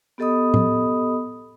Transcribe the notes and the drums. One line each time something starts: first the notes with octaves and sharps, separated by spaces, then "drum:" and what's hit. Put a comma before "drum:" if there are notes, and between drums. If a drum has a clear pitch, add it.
B3 G4 A4 D#5 B5 D#6
drum: tom A2